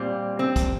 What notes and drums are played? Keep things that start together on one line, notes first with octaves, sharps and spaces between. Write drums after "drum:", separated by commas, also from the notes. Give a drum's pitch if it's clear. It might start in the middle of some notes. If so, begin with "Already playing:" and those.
Already playing: A#2 G3 C4
C4
drum: kick, hi-hat